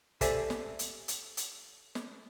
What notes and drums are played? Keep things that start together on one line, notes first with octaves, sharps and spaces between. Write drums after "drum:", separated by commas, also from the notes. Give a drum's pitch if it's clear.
G4 A4 C5 D5 E5 G#5, drum: kick, hi-hat
drum: snare
drum: hi-hat
drum: hi-hat
drum: hi-hat
drum: snare